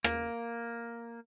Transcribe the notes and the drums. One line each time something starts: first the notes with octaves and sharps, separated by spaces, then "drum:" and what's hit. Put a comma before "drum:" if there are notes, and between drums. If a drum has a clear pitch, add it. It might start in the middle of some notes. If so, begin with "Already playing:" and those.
A#3, drum: rim click